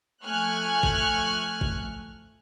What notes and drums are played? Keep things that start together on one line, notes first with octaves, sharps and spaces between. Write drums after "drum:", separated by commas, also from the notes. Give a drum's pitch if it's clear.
F3 A3 G#5 C#6 F6 F#6
drum: kick G#1
drum: kick G#1